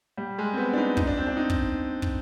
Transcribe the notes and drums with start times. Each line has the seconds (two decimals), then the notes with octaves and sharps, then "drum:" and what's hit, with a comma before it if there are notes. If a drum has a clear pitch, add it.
0.17 G3
0.38 G#3
0.54 C4
0.57 B3
0.73 D4
0.77 D#4
0.97 D#4, drum: kick
1.07 D4
1.17 C4
1.27 D4
1.37 D#4
1.50 drum: kick
2.02 drum: kick